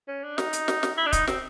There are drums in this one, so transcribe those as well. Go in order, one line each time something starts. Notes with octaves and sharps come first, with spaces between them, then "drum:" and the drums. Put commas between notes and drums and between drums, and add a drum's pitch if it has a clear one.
C#4
D4
D#4, drum: snare
drum: hi-hat
drum: snare
drum: snare
E4
D4
D#4, drum: kick, hi-hat
C4, drum: snare